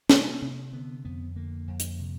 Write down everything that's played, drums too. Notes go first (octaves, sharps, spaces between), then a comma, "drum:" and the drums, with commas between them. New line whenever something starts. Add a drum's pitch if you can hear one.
C3 A#3, drum: snare
C3
D3 B3
F2 B3
D3 A#3
F2
drum: hi-hat
C3